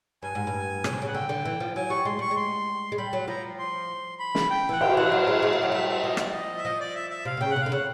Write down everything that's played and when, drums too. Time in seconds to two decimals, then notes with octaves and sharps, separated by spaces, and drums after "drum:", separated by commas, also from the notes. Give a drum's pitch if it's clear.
0.23 G2 G#5
0.35 G#2
0.47 G2
0.84 C#3, drum: rim click
0.93 C3
1.02 C#3
1.08 F#5
1.14 D3 G5
1.29 D3
1.45 E3
1.60 F3
1.76 F#3 G#5
1.90 G3 C#6
2.05 G#3 C6
2.19 G3 C#6
2.31 G#3
2.37 C6
2.92 G#3
2.98 G3 B5
3.13 F#3
3.28 F3 A#5
3.59 C6
4.19 B5
4.35 drum: snare
4.50 G5
4.69 E3 F#5
4.81 D#3 G5, drum: cymbal
4.97 E3 F#5
5.11 F#3 F5
5.27 G#3
5.42 G#3
5.53 G3
5.62 F#3
5.72 G3 E5
5.88 E5
6.03 F3 D#5
6.17 D5, drum: rim click
6.31 D#5
6.57 E5
6.64 F3 D#5
6.80 D5
6.95 E5
7.10 E5
7.25 C3 F5
7.37 C3
7.41 C#3 G5
7.51 F#5
7.56 C3
7.62 D3 F5
7.72 C#3 F#5